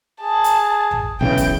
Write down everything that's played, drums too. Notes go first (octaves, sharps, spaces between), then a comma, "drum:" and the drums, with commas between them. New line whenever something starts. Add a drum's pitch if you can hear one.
G#4 A5
drum: hi-hat
drum: tom A1
B1 C#3 E3 G5
drum: kick, hi-hat